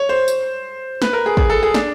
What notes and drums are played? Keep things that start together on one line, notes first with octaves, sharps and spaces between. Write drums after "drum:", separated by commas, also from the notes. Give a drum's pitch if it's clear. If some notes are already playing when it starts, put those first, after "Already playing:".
Already playing: C#5
C5
drum: tambourine
B4, drum: snare
A#4
G#4
G#4, drum: kick
A4
G#4
D4, drum: snare